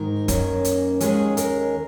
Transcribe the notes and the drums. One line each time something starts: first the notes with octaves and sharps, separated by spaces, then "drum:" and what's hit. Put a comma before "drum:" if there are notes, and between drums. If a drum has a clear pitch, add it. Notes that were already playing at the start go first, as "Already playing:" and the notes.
Already playing: G#2 D#3 G#3 D#4 A#4
F#2 D#3 A#3 C#4, drum: kick, hi-hat
drum: hi-hat
D#2 D#3 G#3 C#4 G#4, drum: hi-hat
A#4, drum: hi-hat